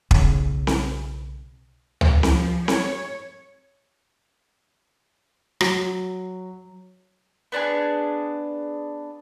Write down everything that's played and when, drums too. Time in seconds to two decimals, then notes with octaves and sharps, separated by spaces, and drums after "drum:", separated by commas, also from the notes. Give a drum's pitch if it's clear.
0.11 B1 C#3, drum: kick
0.67 drum: snare C4
2.01 drum: tom C#2
2.23 F3, drum: snare C4
2.68 C#5, drum: snare C4
5.61 F#3, drum: rim click
7.52 B3 D4 E4 G#4